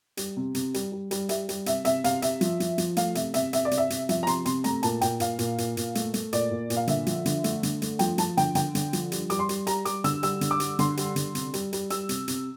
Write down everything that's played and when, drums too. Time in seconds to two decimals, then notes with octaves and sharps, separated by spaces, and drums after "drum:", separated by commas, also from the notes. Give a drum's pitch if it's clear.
0.17 G3, drum: hi-hat
0.37 C3
0.55 C3, drum: hi-hat
0.74 G3, drum: hi-hat
0.92 G3
1.11 G3, drum: hi-hat
1.29 G3 E5, drum: hi-hat
1.49 G3, drum: hi-hat
1.66 C3 E5, drum: hi-hat
1.85 C3 E5, drum: hi-hat
2.04 C3 F5, drum: hi-hat
2.22 C3 E5, drum: hi-hat
2.41 F3, drum: hi-hat
2.60 F3, drum: hi-hat
2.78 F3, drum: hi-hat
2.97 A3 F5, drum: hi-hat
3.15 C3 E5, drum: hi-hat
3.34 C3 E5, drum: hi-hat
3.53 C3 E5, drum: hi-hat
3.65 D5
3.71 C3, drum: hi-hat
3.78 E5
3.90 C3, drum: hi-hat
4.09 F3 E5, drum: hi-hat
4.23 A#5
4.27 C3 C6, drum: hi-hat
4.45 C3 C6, drum: hi-hat
4.64 A3 A#5, drum: hi-hat
4.83 A#2 A5, drum: hi-hat
5.01 A#2 G5, drum: hi-hat
5.20 A#2 F5, drum: hi-hat
5.39 A#2, drum: hi-hat
5.58 A#2, drum: hi-hat
5.77 A#2, drum: hi-hat
5.95 A3, drum: hi-hat
6.14 A3, drum: hi-hat
6.33 A#2 D5, drum: hi-hat
6.51 A#2
6.70 A#2, drum: hi-hat
6.77 F5
6.87 D3 E5, drum: hi-hat
7.06 F3, drum: hi-hat
7.26 D3, drum: hi-hat
7.44 A3, drum: hi-hat
7.63 D3, drum: hi-hat
7.82 A3, drum: hi-hat
7.99 F3 G5, drum: hi-hat
8.18 F3 A5, drum: hi-hat
8.37 D3 G5, drum: hi-hat
8.55 D3 G5, drum: hi-hat
8.75 D3, drum: hi-hat
8.93 F3, drum: hi-hat
9.12 G3, drum: hi-hat
9.30 G3 D6, drum: hi-hat
9.39 C6
9.49 G3, drum: hi-hat
9.67 G3 A#5, drum: hi-hat
9.85 G3 D6, drum: hi-hat
10.04 D3 E6, drum: hi-hat
10.23 G3 E6, drum: hi-hat
10.41 D3, drum: hi-hat
10.51 D6
10.60 G3, drum: hi-hat
10.79 D3 C6, drum: hi-hat
10.97 G3, drum: hi-hat
11.16 D3, drum: hi-hat
11.35 C3, drum: hi-hat
11.54 G3, drum: hi-hat
11.73 G3, drum: hi-hat
11.90 G3 E6, drum: hi-hat
12.09 C3, drum: hi-hat
12.28 C3, drum: hi-hat